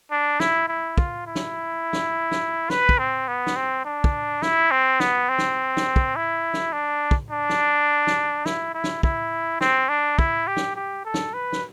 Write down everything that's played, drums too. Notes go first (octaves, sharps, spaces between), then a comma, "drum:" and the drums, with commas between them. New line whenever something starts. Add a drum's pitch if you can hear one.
D4
E4, drum: snare
E4
F4, drum: kick
E4
drum: snare
drum: snare
drum: snare
B4, drum: snare
drum: kick
C4
B3
drum: snare
C4
D4
drum: kick
E4, drum: snare
C4
B3, drum: snare
C4
drum: snare
drum: snare
drum: kick
E4
drum: snare
D4
drum: kick
D4
drum: snare
drum: snare
E4, drum: snare
E4
drum: snare
E4, drum: kick
C4, drum: snare
D4
E4, drum: kick
G4
drum: snare
G4
A4
drum: snare
B4
drum: snare